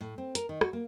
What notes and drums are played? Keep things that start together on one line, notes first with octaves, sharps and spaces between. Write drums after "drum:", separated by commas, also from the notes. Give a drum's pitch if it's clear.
A2
C4
A#4, drum: hi-hat
D#3
F#4, drum: rim click
A#3